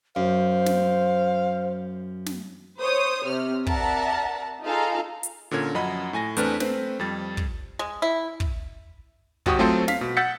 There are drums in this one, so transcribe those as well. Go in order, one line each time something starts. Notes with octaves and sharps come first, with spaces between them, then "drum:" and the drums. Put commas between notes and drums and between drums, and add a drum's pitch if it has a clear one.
F#2 C5 F5
drum: snare
drum: snare
C5 C#5 D#6
C3 F6
A#4 D5 E5 F#5 A5 A#5, drum: kick
D#4 F4 G#4 A4 F5 A#5
drum: hi-hat
A#2 D3 C#4 A#4 G#6
F#2 F3 D#5 F#5 B5
A2 G#5 A#6
E2 A3 C4 D4 B4 F6, drum: hi-hat
A3 C4 B4 C5, drum: snare
F2 G3 A6
drum: kick
G#3
E4
drum: kick
G#1 F#4 G4 C#6 D#6, drum: kick
F#3 A3 C4 F4 A4 C5
F5 B6, drum: snare
B2
F#5 E6 G6 A6 B6 C#7